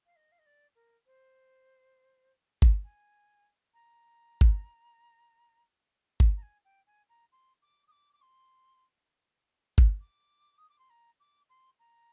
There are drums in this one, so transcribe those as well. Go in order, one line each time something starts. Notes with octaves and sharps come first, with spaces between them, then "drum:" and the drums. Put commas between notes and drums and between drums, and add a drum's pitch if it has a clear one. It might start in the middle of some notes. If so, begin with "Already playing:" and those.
F5
D#5
F5
D#5
D5
A#4
C5
drum: kick G1
G#5
A#5
drum: kick G1
drum: kick G1
A#5
G#5
G5
G#5
A#5
C6
D6
D#6
D6
D6
C6
drum: kick G1
D6
D#6
D6
C6
A#5
D6
C6
A#5